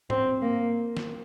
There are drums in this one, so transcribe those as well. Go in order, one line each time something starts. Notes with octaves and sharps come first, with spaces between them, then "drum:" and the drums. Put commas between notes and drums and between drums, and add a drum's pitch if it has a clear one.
C4, drum: tom
A#3
drum: snare